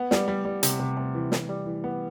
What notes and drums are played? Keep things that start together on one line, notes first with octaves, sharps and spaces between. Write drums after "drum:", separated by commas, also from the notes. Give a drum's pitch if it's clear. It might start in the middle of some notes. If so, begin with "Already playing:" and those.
Already playing: B3
G3, drum: snare
G3
G3
C3, drum: hi-hat
C3
C3
E3
E3, drum: snare
G3
E3
B3